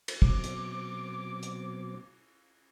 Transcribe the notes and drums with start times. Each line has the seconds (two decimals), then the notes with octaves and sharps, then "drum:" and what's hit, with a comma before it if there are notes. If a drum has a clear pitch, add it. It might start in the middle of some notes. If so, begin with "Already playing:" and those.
0.08 drum: cymbal
0.22 B2 F#3 C4 D6, drum: kick
0.44 drum: hi-hat
1.43 drum: hi-hat